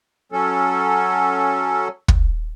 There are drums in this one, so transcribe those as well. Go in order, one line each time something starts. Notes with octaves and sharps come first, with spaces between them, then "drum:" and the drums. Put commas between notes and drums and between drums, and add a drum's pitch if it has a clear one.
F#3 C#4 A4
drum: kick